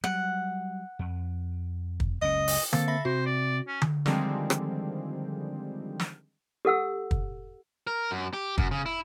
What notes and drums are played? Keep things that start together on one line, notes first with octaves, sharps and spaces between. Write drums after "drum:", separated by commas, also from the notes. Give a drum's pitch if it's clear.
F#3 G3 F#5
F2
drum: kick
F#1 C#2 C#4 D#5
drum: open hi-hat
A#3 C4 A4 F5, drum: tom D3
E5 B5 A#6
C3 F#4 C5
D5
C#4
drum: tom D3
D3 D#3 F3 G3 G#3 C4, drum: snare
drum: rim click
drum: snare
G4 A4 F#5 E6
drum: kick
A#4
F#2
G4
F#2, drum: kick
C#3
E4